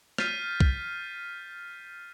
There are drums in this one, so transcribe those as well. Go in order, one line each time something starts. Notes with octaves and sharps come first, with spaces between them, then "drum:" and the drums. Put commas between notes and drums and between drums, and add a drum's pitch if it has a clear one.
F6 G6 A6 B6 C7 D#7, drum: rim click
drum: kick C2